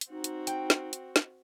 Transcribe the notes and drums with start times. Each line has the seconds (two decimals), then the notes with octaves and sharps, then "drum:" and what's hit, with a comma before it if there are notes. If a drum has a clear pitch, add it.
0.01 drum: hi-hat
0.10 C4 D#4 F#4
0.24 drum: hi-hat
0.47 G5, drum: hi-hat
0.70 drum: snare
0.93 drum: hi-hat
1.16 drum: snare